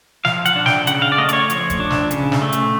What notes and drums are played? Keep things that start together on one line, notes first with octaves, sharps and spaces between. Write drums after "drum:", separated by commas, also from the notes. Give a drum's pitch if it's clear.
F3 F5, drum: snare
F#5, drum: hi-hat
D4
G5, drum: snare
C#3 F#5, drum: hi-hat
F5
D5
A3 D#5
D5, drum: hi-hat
C#5
F3, drum: hi-hat
drum: kick E1, hi-hat
D4
drum: snare
C#3, drum: hi-hat
drum: snare
A3
drum: hi-hat